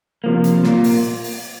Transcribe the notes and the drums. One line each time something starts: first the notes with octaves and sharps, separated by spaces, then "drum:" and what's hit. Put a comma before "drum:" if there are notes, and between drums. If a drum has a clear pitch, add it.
C3 F3 A#3
drum: hi-hat
A#2 A#3, drum: snare
drum: open hi-hat
drum: open hi-hat